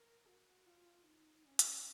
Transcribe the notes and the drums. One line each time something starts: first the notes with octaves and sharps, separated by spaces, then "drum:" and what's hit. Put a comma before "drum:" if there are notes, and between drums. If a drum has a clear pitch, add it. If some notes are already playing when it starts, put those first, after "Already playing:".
Already playing: A#4
F#4
F4
D#4
C#4
drum: hi-hat